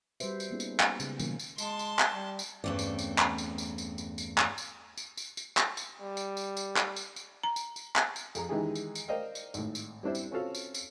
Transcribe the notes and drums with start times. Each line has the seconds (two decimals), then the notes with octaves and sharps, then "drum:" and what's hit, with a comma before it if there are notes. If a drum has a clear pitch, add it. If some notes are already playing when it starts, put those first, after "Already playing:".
0.20 G3 F#4 B4 C5 E5, drum: tambourine
0.40 drum: tambourine
0.51 A#3 B3 C#4 D#4 F4 G#4
0.60 drum: tambourine
0.80 drum: clap
1.00 C#3 G#3 B3, drum: tambourine
1.19 B2 D#3 F#3 A#3 C#4 F4, drum: tambourine
1.39 drum: tambourine
1.58 G#3 A5 C6, drum: tambourine
1.79 drum: tambourine
1.99 drum: clap
2.13 G3
2.39 drum: tambourine
2.64 E2 G2 A3 C4 C#4 D5
2.79 drum: tambourine
2.99 drum: tambourine
3.18 drum: clap
3.38 drum: tambourine
3.58 drum: tambourine
3.78 drum: tambourine
3.98 drum: tambourine
4.18 drum: tambourine
4.38 drum: clap
4.58 drum: tambourine
4.97 drum: tambourine
5.17 drum: tambourine
5.37 drum: tambourine
5.57 drum: clap
5.77 drum: tambourine
6.02 G3
6.17 drum: tambourine
6.37 drum: tambourine
6.57 drum: tambourine
6.77 drum: clap
6.96 drum: tambourine
7.16 drum: tambourine
7.43 A#5
7.56 drum: tambourine
7.76 drum: tambourine
7.96 drum: clap
8.16 drum: tambourine
8.35 F2 G#4 A#5, drum: tambourine
8.49 D#3 E3 G#3 D#4 G4 G#4
8.75 drum: tambourine
8.95 drum: tambourine
9.08 A#4 C5 D5 D#5 F5 G5
9.35 drum: tambourine
9.54 G#1 A2, drum: tambourine
9.75 drum: tambourine
10.03 G3 C4 D4 E4 C5
10.15 drum: tambourine
10.31 C4 C#4 F4 F#4 A4 F5
10.55 drum: tambourine
10.74 drum: tambourine